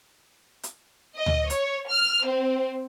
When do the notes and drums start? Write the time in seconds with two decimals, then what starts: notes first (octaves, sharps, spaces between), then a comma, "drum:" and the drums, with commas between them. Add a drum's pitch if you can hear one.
0.63 drum: hi-hat
1.15 D#5
1.26 drum: tom D2
1.50 C#5, drum: hi-hat
1.89 F6
2.25 C4